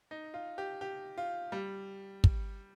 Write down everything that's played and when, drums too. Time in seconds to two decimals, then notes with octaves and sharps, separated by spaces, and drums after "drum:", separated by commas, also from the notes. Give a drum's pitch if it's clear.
0.11 D#4
0.34 F4
0.58 G4
0.81 G4
1.18 F4
1.52 G3
2.24 drum: kick